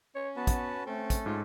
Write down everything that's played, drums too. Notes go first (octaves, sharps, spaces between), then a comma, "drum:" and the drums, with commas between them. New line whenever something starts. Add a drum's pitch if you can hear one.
C#4 C#5
B3 F#4 B4 A5
drum: kick, hi-hat
A3 C4 C#4 A4
drum: kick, hi-hat
G#2 F4